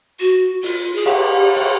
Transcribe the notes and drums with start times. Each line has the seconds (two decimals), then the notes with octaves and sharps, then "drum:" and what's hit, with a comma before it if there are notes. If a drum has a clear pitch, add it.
0.20 F#4
0.63 F4, drum: open hi-hat
0.95 G#4
1.06 G4, drum: cymbal
1.57 drum: cymbal